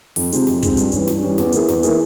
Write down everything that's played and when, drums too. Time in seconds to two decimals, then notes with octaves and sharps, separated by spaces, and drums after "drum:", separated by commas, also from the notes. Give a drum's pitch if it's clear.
0.16 F2, drum: open hi-hat
0.32 C3 F3 G#3 C4, drum: hi-hat
0.47 F2, drum: snare
0.62 C3 F3 G#3 C4, drum: kick, hi-hat
0.77 G2, drum: hi-hat
0.92 E3 G3 C#4, drum: hi-hat
1.07 G2, drum: snare
1.23 E3 G3 C#4
1.38 E2, drum: snare
1.52 E3 A#3 E4 G#4, drum: hi-hat
1.68 E2, drum: snare
1.83 E3 A#3 E4 G#4, drum: hi-hat